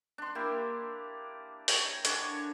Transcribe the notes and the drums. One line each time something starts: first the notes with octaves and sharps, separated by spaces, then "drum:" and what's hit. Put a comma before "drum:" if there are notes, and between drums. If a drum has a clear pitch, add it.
D4 C6
A#3 E4 G4
C#5 G5 A#5, drum: open hi-hat
D3 D4 C#5 G#5, drum: hi-hat